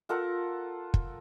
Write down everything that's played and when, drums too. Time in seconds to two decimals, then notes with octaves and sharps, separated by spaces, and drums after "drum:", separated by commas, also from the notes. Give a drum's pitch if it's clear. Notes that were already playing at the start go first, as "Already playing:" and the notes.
0.09 F4 A4 A#4 F#5
0.94 drum: kick